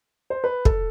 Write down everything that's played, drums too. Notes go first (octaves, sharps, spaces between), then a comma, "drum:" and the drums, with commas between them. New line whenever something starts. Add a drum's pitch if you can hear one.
C5
B4
A4, drum: kick